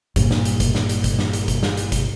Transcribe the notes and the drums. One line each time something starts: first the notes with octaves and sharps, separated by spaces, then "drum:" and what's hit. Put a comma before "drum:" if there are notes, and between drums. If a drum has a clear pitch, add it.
G2 A#2, drum: kick G1, hi-hat
drum: snare
drum: hi-hat
drum: kick G1, hi-hat
drum: snare
drum: hi-hat
drum: kick G1, hi-hat
drum: snare
drum: hi-hat
drum: kick G1, hi-hat
drum: snare
drum: hi-hat
drum: kick G1, hi-hat